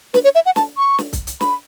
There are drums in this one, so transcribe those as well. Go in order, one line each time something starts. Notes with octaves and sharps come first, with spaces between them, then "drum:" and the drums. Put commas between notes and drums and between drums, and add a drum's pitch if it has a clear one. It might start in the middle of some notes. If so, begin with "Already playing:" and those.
B4, drum: snare
C#5
E5
F#5
A5, drum: snare
C#6
drum: snare
drum: kick C2, hi-hat
drum: hi-hat
B5, drum: snare